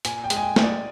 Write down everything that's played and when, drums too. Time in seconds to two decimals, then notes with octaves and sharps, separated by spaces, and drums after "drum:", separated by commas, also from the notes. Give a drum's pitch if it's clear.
0.05 A#2 G#5, drum: hi-hat
0.24 G5
0.30 G#3, drum: hi-hat
0.36 G#5
0.43 G5
0.56 G#3, drum: snare
0.63 D5